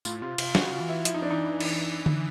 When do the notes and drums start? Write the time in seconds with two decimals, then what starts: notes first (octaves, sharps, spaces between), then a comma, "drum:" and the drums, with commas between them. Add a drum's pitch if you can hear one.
0.05 A2 F4, drum: tambourine
0.22 C3 F4
0.38 C3 F4, drum: cymbal
0.55 C#3 F#4, drum: snare
0.72 F4
0.80 E3
0.89 E4
1.05 F3 E4, drum: hi-hat
1.14 D#4
1.22 D4
1.30 E3 D#4
1.60 drum: cymbal
2.06 drum: tom D3